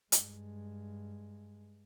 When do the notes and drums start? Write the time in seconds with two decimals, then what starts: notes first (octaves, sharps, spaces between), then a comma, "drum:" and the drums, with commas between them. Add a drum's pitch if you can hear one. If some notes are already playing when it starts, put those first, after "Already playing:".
0.12 G2 G#3, drum: hi-hat